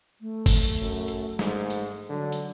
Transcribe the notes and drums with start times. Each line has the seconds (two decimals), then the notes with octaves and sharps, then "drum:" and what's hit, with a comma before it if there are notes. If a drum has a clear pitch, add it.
0.21 A3
0.46 drum: kick G1, open hi-hat
0.82 F#2
1.08 drum: hi-hat
1.39 G#2, drum: snare
1.70 drum: hi-hat
2.10 D3 F#3
2.32 drum: hi-hat